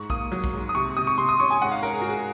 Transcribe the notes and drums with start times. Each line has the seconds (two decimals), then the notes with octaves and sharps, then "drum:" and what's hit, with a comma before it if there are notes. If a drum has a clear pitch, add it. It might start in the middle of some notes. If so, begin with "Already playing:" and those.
Already playing: G#2 C#6
0.10 A#3 D#6, drum: kick B1
0.32 F#3
0.44 drum: kick B1
0.53 G#2
0.69 D#6
0.75 C3 C#6
0.97 C3 D#6
1.07 C#6
1.18 C3 C6
1.29 D#6
1.40 C#4 C#6
1.51 G#5
1.62 G#2 F#5
1.72 F5
1.82 C#4 A#4
1.94 G#4
2.02 F#4
2.04 G#2 G#4